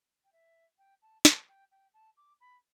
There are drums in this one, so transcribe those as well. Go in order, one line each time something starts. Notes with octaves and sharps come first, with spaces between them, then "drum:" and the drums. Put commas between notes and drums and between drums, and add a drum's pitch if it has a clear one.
G5
E5
G5
A5
A5, drum: snare
G5
G5
A5
D6
B5